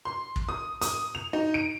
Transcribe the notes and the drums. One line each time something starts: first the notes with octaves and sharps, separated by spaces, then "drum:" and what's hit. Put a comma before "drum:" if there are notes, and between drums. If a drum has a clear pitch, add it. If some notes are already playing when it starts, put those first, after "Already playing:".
C6
drum: kick
D#6
D#6, drum: hi-hat
F7
D#4
D7